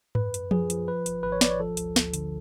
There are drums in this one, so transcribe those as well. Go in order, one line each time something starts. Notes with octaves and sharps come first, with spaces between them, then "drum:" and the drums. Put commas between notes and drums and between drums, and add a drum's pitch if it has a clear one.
F#2 B4, drum: tom G#2
F#2, drum: hi-hat
F3 G#4, drum: tom F3
F3, drum: hi-hat
F3 B4
G#1, drum: hi-hat
G#1 B4
C#5
G#2 D5, drum: snare
C#5
F3 A4
D2, drum: hi-hat
D2, drum: snare
D3, drum: hi-hat